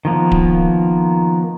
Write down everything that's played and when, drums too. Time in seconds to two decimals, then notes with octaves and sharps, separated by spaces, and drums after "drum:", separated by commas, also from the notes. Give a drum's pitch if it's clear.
0.05 D#3 F3 A#3 B3
0.32 drum: kick D1